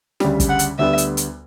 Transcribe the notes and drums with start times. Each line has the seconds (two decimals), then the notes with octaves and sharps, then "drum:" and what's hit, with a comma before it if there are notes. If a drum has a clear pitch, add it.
0.20 D2 C#3 G3, drum: snare
0.40 drum: kick, hi-hat
0.49 F#5
0.59 drum: hi-hat
0.79 D2 D3 G3 B3 E5
0.98 drum: hi-hat
1.17 drum: hi-hat